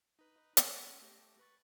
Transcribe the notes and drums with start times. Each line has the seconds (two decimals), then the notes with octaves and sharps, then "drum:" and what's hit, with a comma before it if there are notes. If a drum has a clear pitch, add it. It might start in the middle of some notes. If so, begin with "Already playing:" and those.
0.19 D#4 B4
0.57 drum: hi-hat
0.87 C#4
1.01 A3 G4 A#6
1.39 B4 C#6 A6